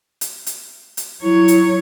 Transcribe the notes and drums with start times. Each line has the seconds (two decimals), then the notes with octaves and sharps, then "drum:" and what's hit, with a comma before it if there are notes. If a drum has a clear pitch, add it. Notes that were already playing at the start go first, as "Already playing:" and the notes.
0.21 drum: hi-hat
0.46 drum: hi-hat
0.97 drum: hi-hat
1.23 F#3 E4 C#5
1.48 drum: hi-hat